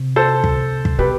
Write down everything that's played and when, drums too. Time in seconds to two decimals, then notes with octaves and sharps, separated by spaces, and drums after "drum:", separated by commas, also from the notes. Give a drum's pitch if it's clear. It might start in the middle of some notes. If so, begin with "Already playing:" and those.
Already playing: C3
0.16 A4 C5
0.44 drum: kick
0.85 drum: kick
0.99 B2 G4 B4